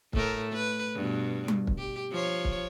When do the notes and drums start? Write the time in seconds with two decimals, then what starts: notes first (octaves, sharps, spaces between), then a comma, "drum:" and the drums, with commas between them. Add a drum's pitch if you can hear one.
0.13 A2 A3 A#4, drum: kick
0.53 B4
0.94 G2 B2
1.48 drum: tom G3
1.67 drum: kick
1.78 G4
2.11 F3 C#5
2.44 drum: kick